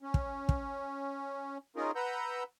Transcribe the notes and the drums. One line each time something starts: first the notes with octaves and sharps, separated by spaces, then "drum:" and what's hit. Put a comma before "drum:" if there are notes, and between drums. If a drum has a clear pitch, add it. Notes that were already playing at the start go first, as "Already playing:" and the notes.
C#4
drum: kick
drum: kick
C#4 D#4 F4 G#4 A#4
B4 F#5 A#5 E6 G6